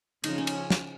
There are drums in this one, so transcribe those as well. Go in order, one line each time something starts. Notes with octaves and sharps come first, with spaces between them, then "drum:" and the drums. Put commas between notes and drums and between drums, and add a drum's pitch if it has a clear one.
C#3 F3 D#4, drum: cymbal
C#4
drum: cymbal
drum: snare